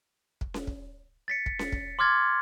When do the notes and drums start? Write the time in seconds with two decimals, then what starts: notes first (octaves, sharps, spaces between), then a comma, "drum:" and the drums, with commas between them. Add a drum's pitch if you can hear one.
0.41 drum: kick
0.54 drum: snare C#4
0.67 drum: kick
1.28 A6 B6 C#7
1.46 drum: kick
1.59 drum: snare C#4
1.72 drum: kick
1.99 C6 D6 F6 G#6 A6